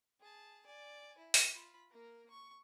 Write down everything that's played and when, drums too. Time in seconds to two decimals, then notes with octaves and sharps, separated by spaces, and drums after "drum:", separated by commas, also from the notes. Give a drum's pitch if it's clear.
0.20 G#4 A5
0.66 D5 G#5
1.18 E4
1.34 drum: open hi-hat
1.54 F4 B5
1.90 A#3 A#4
2.30 C#6